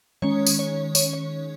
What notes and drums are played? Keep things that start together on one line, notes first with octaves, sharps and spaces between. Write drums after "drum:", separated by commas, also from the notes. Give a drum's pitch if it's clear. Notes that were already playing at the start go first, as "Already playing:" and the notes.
D#3 G#3 C#4 C#5
drum: tambourine
C#5
C#5, drum: tambourine
C#5